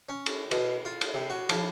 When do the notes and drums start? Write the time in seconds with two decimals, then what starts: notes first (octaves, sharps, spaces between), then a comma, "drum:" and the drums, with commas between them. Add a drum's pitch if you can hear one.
0.09 C#4
0.26 drum: cymbal
0.51 B2, drum: cymbal
0.85 F4
1.01 drum: cymbal
1.14 C3
1.30 F#4
1.49 F3, drum: cymbal